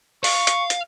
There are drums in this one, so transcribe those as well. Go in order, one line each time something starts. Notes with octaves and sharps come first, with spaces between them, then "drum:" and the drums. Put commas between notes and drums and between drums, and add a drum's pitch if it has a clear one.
F5 C#6, drum: open hi-hat
drum: hi-hat
drum: hi-hat